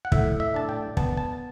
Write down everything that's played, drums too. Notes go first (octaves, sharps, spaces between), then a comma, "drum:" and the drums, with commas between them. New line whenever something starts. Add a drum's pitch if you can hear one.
F#5
A2 E5, drum: kick
E5
D4 A5
G5
B3 A5, drum: kick
A5